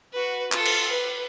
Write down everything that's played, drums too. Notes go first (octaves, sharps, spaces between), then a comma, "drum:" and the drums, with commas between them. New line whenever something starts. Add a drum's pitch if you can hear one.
F#4 B4
F4 A4, drum: clap
drum: cymbal
B4